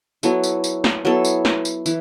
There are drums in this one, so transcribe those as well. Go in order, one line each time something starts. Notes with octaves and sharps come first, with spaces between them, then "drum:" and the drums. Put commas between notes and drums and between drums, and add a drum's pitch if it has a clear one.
F#3 B3 E4 A4, drum: tambourine
drum: tambourine
drum: tambourine
drum: snare
F#3 B3 E4 A4
drum: tambourine
drum: snare
drum: tambourine
E3, drum: tambourine